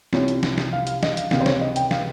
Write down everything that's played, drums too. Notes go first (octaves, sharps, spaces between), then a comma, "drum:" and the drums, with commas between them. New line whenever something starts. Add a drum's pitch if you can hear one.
C2 C3 F3 C#5, drum: snare
drum: hi-hat
drum: snare
drum: snare
F5
F5, drum: hi-hat
D#5, drum: snare
F5, drum: hi-hat
C#2 C3 D#3 F5, drum: snare
C5
C#5, drum: snare
D#5
G5, drum: hi-hat
F5, drum: snare